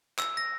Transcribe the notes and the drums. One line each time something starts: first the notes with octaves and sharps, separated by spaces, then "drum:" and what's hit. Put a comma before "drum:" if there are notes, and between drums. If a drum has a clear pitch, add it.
E6, drum: clap
A#6